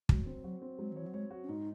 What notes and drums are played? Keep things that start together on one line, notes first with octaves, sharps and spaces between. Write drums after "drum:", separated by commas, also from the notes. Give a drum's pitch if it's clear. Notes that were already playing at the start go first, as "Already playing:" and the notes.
F#3 G#3, drum: kick
C4
F#3 F#4
C4
F#3 G#3
D#3
E3 C#5
F#3
G#3 C#5
F#4
C#4
G#2 D#4